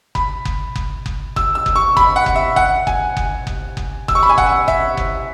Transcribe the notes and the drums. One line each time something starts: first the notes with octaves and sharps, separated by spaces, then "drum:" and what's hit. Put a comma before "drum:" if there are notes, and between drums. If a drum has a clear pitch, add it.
B5, drum: kick F#1
drum: kick F#1
drum: kick F#1
drum: kick F#1
E6, drum: kick F#1
E6
drum: kick F#1
C#6
B5, drum: kick F#1
F#5
drum: kick F#1
E5
F#5, drum: kick F#1
G#5, drum: kick F#1
drum: kick F#1
drum: kick F#1
drum: kick F#1
E6, drum: kick F#1
C#6
B5
G#5
F#5, drum: kick F#1
E5, drum: kick F#1
drum: kick F#1